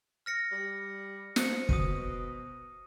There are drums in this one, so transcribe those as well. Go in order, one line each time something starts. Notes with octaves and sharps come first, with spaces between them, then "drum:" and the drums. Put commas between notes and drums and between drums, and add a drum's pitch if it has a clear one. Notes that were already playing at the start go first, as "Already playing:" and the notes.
F6 A#6 C#7
G3
C5 C#7, drum: snare
B2 D#6 D#7, drum: kick